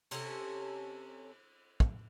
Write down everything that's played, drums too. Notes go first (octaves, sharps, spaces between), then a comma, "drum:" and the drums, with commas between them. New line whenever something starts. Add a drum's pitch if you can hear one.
C3 C#4 D#4 A4, drum: cymbal
drum: kick